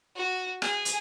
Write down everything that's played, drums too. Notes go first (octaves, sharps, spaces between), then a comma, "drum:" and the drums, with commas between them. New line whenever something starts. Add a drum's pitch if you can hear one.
F#4
G#4, drum: rim click
drum: hi-hat